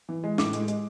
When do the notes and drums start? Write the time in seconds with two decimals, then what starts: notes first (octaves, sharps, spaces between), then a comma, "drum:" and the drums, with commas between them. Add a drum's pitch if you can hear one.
0.09 E3
0.24 G#3
0.38 A2 D6, drum: snare
0.53 G#3, drum: hi-hat
0.68 G#3, drum: hi-hat